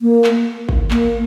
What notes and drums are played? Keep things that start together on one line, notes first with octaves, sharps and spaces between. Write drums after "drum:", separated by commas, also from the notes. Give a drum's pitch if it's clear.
A#3
drum: clap
drum: kick G#1
A#3, drum: clap